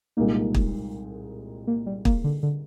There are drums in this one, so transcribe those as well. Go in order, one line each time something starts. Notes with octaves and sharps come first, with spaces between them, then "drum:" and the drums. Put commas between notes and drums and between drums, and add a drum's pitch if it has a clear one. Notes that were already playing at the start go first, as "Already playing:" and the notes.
C2 A#2 G#3 A#3 D#4
drum: kick
A#3
G3
A#3, drum: kick
D3
D3